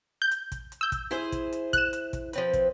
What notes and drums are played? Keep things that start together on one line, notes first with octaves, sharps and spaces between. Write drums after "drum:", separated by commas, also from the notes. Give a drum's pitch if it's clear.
G6
drum: hi-hat
drum: kick, hi-hat
drum: hi-hat
E6 G6
drum: kick, hi-hat
E4 G#4 C5
drum: kick, hi-hat
drum: hi-hat
F#6 E7, drum: kick, hi-hat
drum: hi-hat
drum: kick, hi-hat
F3 C4 B4, drum: hi-hat
drum: kick, hi-hat